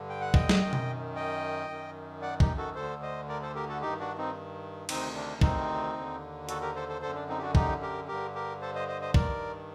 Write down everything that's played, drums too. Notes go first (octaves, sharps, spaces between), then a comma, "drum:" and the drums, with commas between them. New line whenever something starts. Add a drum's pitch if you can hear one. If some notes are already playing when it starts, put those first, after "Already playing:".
Already playing: G2 D3
G5
F#5
D#5 G5, drum: kick
drum: snare
F#2 D#3
drum: tom B2
D#5 G5
F#2 D#3
D5 F#5
D#4 G4, drum: kick
F#4 A4
D2 D3 A4 C5
C5 D#5
A#4 D5
A4 C5
G4 A#4
F#4 A4
G2 D#3 D#4 G4
D4 F#4
C4 D#4
D2 C3 D#3 C4 D#4, drum: cymbal
D4
C4 D#4, drum: kick
D#2 D3
F#4 A4, drum: hi-hat
G4 A#4
A4 C5
A4 C5
F#2 D3 A4 C5
D4
C4 D#4
G4
D4 F#4
D#4 G4, drum: kick
G4 A#4
G2 D3 G4 A#4
G4 A#4
A4 C5
C5 D#5
C5 D#5
C5 D#5
G2 D#3 A#4 D5, drum: kick